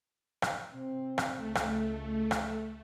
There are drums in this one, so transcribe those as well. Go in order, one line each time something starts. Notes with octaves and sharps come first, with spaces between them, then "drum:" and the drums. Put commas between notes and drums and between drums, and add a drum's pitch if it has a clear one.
drum: rim click
C3 C4
drum: rim click
C#2 A3
drum: rim click
drum: rim click